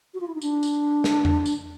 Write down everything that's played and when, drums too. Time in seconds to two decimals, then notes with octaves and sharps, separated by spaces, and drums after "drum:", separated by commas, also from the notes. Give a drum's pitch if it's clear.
0.14 F#4
0.20 F4
0.27 E4
0.35 D#4
0.42 D4, drum: tambourine
0.63 drum: tambourine
1.04 drum: snare
1.25 drum: tom E2
1.46 drum: tambourine